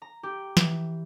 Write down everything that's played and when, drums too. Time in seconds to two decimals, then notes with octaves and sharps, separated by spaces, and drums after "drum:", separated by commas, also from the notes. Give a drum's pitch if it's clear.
0.02 A#5
0.23 G4
0.57 E3, drum: snare